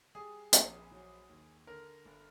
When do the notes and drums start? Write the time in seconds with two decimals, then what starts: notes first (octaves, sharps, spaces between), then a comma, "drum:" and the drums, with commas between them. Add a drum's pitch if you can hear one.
0.15 G3 G#4
0.53 A#1, drum: hi-hat
0.91 F#3
1.29 D#2
1.67 D3 A#4
2.05 G1